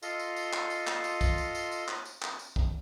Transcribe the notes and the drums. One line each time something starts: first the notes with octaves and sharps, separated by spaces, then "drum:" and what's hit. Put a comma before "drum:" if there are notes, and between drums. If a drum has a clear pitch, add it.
F4 A4 D#5 C6, drum: tambourine
drum: tambourine
drum: tambourine
drum: clap
drum: tambourine
drum: clap
drum: tambourine
drum: kick, tambourine
drum: tambourine
drum: tambourine
drum: tambourine
drum: clap
drum: tambourine
drum: clap
drum: tambourine
drum: kick